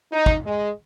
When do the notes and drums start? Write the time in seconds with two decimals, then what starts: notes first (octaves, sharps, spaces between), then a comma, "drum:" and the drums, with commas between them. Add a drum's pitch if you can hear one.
0.13 D#4
0.26 drum: kick
0.45 G#3